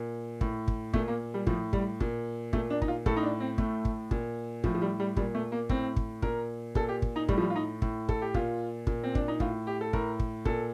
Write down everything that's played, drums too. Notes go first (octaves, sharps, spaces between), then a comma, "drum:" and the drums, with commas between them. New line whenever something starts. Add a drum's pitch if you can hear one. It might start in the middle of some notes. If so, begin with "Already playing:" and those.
Already playing: A#2
A2, drum: kick
drum: kick
A#2 A3, drum: kick
A#3
G3
A2 F3, drum: kick
G3, drum: kick
A#2, drum: kick
A#2 A3, drum: kick
D4
D#4, drum: kick
F4
A2 A4, drum: kick
D#4
D4
C4
A2 A3, drum: kick
drum: kick
A#2, drum: kick
A2 F3, drum: kick
F3
G3
G3
A#2 G3, drum: kick
A3
A#3
A2 C4, drum: kick
drum: kick
A#2 A#4, drum: kick
A#2 A4, drum: kick
G4
drum: kick
D#4
A2 G3, drum: kick
F3
G3
F4
D#4
A2, drum: kick
A4, drum: kick
G4
A#2 F4, drum: kick
A#2, drum: kick
C4
D4, drum: kick
D#4
A2 F4, drum: kick
G4
A4
A2 A#4, drum: kick
drum: kick
A#2 A4, drum: kick